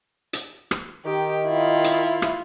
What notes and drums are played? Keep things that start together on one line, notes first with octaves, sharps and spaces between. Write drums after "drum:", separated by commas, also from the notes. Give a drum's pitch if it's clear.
drum: hi-hat
drum: rim click
D#3 G4
E4 F4
drum: hi-hat
drum: rim click